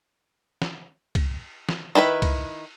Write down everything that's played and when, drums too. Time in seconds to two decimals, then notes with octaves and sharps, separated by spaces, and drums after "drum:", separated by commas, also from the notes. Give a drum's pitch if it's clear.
0.62 drum: snare
1.15 drum: kick C2, cymbal
1.69 drum: snare
1.95 D#3 E4 F#4 B4
2.22 drum: kick C2, cymbal